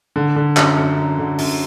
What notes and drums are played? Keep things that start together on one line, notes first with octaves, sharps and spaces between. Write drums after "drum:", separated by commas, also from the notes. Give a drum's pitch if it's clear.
D3
D3
F#2, drum: clap
F#2
F#2
D3
F#2, drum: open hi-hat